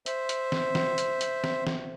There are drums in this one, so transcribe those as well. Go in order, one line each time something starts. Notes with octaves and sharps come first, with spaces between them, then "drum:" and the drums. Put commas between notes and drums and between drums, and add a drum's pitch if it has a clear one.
C5 E5, drum: hi-hat
drum: hi-hat
drum: snare
drum: snare
drum: hi-hat
drum: hi-hat
drum: snare
drum: snare